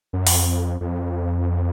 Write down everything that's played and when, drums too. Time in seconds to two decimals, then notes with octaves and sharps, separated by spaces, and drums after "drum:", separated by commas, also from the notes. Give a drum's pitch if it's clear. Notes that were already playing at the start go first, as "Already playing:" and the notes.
0.13 F#2
0.27 F2, drum: open hi-hat
0.81 F2